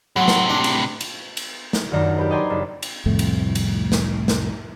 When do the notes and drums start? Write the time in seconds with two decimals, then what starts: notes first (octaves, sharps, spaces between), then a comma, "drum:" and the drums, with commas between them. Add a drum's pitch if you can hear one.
0.16 A2 C3 F#3
0.28 drum: snare
0.50 D4
0.64 drum: cymbal
1.01 drum: cymbal
1.37 drum: cymbal
1.73 drum: snare
1.92 D#1 F#2 D#3 D4 D#4 A#6
2.17 G4 B4 C5
2.30 D5 D#5 G5 G#5 A#5 C6
2.50 F#1 D4 B6
2.83 drum: cymbal
3.06 C2 F2 A2 A3
3.19 drum: cymbal
3.55 drum: cymbal
3.92 drum: snare
4.28 drum: snare